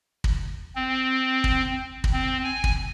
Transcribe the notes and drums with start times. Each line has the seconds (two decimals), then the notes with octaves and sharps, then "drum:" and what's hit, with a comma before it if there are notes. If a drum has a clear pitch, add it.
0.24 drum: kick
0.76 C4
1.44 drum: kick
2.04 drum: kick
2.13 C4
2.44 G#5
2.64 drum: kick